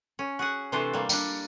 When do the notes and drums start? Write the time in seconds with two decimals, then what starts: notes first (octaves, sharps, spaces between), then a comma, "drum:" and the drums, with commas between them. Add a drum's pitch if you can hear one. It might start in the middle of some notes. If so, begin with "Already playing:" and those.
0.19 C#4
0.39 F#4 G#4 F#5
0.72 C3 E3 A3 D4 C5 A5
0.93 G3 A#3
1.09 G3 D4, drum: tambourine